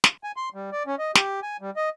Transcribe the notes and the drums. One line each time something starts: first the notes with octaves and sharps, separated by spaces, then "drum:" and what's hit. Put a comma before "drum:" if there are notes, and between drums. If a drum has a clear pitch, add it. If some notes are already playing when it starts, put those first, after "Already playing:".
drum: snare
G#5
C6
G3
D5
C#4
D#5
G4, drum: snare
G#5
G3
D#5